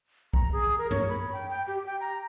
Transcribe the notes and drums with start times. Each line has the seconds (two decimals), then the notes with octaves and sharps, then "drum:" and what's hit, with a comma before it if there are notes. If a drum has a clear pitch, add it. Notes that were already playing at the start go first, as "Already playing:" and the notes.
0.33 A#5, drum: kick B1
0.52 G#4
0.78 A#4
0.91 C#5, drum: tom
1.09 B5
1.33 G5
1.49 G5
1.67 G4
1.86 G5
2.01 A#5